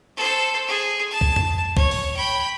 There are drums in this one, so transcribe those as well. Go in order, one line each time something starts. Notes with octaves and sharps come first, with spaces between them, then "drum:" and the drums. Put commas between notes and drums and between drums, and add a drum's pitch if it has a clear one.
A4 C5
G#4
A5
drum: kick
drum: tom F2
C#5, drum: kick
drum: open hi-hat
G5 B5